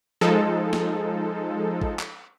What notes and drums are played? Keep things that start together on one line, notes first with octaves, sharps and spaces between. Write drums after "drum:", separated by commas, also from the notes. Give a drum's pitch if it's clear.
F3 G#3 D#4 A4
drum: snare
drum: kick A1
drum: clap